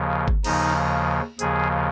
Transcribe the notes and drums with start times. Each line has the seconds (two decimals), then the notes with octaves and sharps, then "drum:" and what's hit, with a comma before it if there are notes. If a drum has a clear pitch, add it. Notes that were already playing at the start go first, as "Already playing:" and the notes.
Already playing: D#2 C#3 F3
0.28 drum: kick G1
0.44 D#2 C#3 F3 D#4, drum: cymbal
1.39 D#2 C#3 F3 G#4, drum: hi-hat